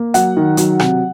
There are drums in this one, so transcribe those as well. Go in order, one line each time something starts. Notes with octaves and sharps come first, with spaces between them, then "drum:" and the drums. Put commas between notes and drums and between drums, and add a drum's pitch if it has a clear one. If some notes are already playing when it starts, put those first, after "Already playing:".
Already playing: A#3
F#3 F#5, drum: hi-hat
D#3
F#3, drum: hi-hat
C3, drum: rim click